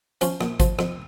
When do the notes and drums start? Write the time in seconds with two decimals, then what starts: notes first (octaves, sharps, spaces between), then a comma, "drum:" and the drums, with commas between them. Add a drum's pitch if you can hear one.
0.21 F3 C#4, drum: hi-hat
0.41 A#1, drum: rim click
0.60 F3, drum: kick G#1, hi-hat
0.79 F2, drum: rim click